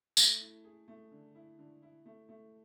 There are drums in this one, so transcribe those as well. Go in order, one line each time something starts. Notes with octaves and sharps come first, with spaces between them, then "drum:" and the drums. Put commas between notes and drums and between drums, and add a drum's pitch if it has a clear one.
A3, drum: tambourine
E4
G#4
A3
D3
E4
D3
E4
A3
A3